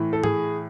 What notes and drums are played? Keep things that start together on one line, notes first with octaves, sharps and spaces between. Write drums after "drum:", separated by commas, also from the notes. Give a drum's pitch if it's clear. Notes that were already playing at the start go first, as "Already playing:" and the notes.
Already playing: A2 E3
A4
G#4, drum: tom G#2